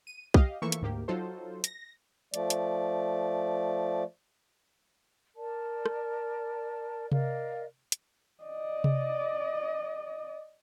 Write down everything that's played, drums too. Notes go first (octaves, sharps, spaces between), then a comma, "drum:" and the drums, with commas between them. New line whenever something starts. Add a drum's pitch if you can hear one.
D#7
G4 D#5 F5, drum: kick B1
E3 F3 A3 A#3 E5 C#6
drum: hi-hat
D2 G#2 A#3 G4
F#3 D#4 F4 F#4 A4 C5
A#6, drum: hi-hat
F3 A3 D5, drum: hi-hat
drum: hi-hat
A#4 D5 A5
drum: rim click
A#4 D5 D#5 F5, drum: tom C3
drum: hi-hat
D5 D#5
drum: tom C3